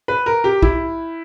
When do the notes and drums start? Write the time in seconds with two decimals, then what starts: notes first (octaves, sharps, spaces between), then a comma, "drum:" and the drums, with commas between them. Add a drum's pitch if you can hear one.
0.08 B4
0.26 A#4
0.44 G4
0.62 E4, drum: kick